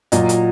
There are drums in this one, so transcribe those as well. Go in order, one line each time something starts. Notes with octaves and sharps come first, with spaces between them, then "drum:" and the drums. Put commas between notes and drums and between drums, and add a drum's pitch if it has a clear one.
A#2 F#3 D#5, drum: hi-hat
drum: hi-hat